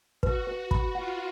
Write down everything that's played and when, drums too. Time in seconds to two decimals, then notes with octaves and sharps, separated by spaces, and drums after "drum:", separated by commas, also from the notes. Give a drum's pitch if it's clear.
0.23 F#4 B4, drum: kick
0.47 B4
0.71 B5, drum: kick
0.95 F4 F#5